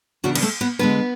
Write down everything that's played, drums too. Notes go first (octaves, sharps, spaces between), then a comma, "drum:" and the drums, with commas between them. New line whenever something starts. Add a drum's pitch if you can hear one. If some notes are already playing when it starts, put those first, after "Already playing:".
E2 C#3 E3 B3 D4 F#4
B4, drum: cymbal
A3 A4
B3 B4
D2 D3 G#3 B3 B4